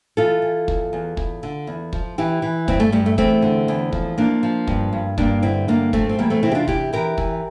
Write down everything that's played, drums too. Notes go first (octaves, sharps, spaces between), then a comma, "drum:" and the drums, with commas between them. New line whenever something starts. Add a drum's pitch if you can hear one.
E3 F4 A4
E3
E2, drum: kick
E2
E2, drum: kick
D3
E2
F3, drum: kick
E3 E4 G4
E3
G2 C4 E4, drum: kick
A3
G2 G3
A3
E2 A3 C4, drum: kick
D3
E2
F3, drum: kick
F3 A#3 D4
F3
G2, drum: kick
G2
G2 A#3 D4, drum: kick
D3 C4 E4
G2 A#3 D4
F3 A3 C4, drum: kick
C4
E2 G3 A#3
A3 C4
C3 C4 E4
G4
D4 F4
E2 E4 G4, drum: kick
E3 G4 A#4
E3, drum: kick